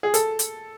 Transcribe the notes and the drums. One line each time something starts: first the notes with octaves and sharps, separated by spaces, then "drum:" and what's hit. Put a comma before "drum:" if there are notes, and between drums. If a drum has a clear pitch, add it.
G#4
A4, drum: hi-hat
drum: hi-hat